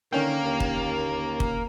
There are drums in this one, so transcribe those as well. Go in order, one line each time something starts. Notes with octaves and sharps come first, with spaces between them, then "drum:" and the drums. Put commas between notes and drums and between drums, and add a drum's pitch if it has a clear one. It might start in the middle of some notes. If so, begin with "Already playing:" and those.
D3 D#3 A#3 C#4 G5
D#2
drum: kick
drum: kick